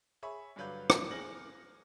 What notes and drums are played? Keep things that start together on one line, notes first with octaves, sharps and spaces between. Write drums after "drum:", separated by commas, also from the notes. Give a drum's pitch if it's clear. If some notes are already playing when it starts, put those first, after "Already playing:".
G#4 C#5 E5 B5 C#6
G2 D3 F#3 B4 F5 G6
drum: rim click
G#4 F6 F#6 A#6 F#7